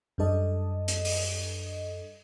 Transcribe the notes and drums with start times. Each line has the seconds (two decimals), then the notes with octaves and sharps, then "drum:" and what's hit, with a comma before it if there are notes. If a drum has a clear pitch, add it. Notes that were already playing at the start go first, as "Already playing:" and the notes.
0.18 F#2 G3 D4 A4 D#5
0.88 drum: hi-hat
1.05 drum: open hi-hat